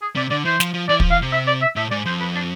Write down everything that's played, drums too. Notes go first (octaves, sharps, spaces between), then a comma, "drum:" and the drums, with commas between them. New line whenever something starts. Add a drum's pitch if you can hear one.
G#4
C3 D5
D3 D5
E3 C5
F3, drum: snare
F3
E3 D5
F3, drum: kick
E3 F5
C3
E5
D5
E5
A2 E5
G#2 D5
F2 C5
B4
D4